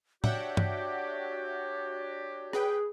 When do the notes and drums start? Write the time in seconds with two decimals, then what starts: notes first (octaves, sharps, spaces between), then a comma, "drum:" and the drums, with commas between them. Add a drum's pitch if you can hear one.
0.24 D4 F#4 G4 C#5 E5 F#5 G5, drum: tom A2
0.57 drum: tom G2
2.53 G#4 B4 G5, drum: rim click